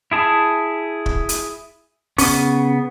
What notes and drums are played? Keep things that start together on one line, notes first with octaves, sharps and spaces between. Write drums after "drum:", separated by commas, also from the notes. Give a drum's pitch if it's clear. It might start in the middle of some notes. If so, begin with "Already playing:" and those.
E4 G#4 A5
drum: kick
drum: hi-hat
C#3 B3 C#4 C#6, drum: open hi-hat